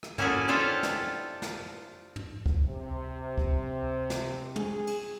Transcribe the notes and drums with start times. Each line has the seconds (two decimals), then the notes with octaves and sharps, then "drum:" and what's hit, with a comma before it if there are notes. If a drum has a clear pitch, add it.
0.03 drum: rim click
0.18 A#3 C#4 E4 F#4 G#4 A4, drum: tom
0.48 D4 E4 F4 G4 A4 C5
0.83 drum: snare
1.42 drum: snare
2.16 drum: tom
2.46 drum: kick
2.67 C3
3.38 drum: kick
4.10 drum: snare
4.56 G#4, drum: tom
4.87 drum: cymbal